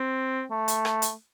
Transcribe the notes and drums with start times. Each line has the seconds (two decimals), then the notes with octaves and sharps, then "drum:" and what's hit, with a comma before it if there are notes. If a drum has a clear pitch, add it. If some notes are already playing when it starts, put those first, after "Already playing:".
Already playing: C4
0.51 A3
0.68 drum: hi-hat
0.85 drum: rim click
1.02 drum: hi-hat